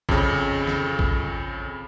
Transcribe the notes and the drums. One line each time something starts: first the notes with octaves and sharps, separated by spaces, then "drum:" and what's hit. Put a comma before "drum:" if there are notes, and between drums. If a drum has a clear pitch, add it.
F2 C#3, drum: kick A1
drum: snare
drum: kick A1